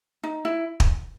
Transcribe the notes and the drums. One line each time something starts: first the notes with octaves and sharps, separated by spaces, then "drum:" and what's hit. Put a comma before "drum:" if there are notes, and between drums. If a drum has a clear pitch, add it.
D#4
E4
drum: kick